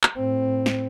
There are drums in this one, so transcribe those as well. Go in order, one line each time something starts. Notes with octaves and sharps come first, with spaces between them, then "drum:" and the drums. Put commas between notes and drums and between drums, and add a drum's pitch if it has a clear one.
drum: clap
A2 C4
drum: snare